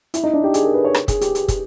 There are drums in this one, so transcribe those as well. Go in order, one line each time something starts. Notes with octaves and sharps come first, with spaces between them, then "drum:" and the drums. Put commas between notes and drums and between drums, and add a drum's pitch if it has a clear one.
E4, drum: hi-hat
D#4
D4
G4
G#4, drum: hi-hat
A#4
B4
C#5
drum: rim click
G#4, drum: kick, hi-hat
G4, drum: hi-hat
drum: hi-hat
drum: kick, hi-hat